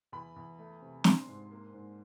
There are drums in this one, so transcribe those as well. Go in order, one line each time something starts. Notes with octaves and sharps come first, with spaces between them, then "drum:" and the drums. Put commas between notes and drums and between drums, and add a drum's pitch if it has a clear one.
E2 B5
E2
A3
C3
D4 C6, drum: snare
G#2
A#3
G#2